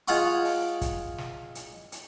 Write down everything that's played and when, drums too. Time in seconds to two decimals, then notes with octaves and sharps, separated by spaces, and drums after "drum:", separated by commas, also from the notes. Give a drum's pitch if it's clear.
0.08 G#3 F4 F5 F#5 C6 C#6
0.45 drum: open hi-hat
0.81 drum: kick, hi-hat
1.18 drum: snare
1.55 drum: hi-hat
1.92 drum: hi-hat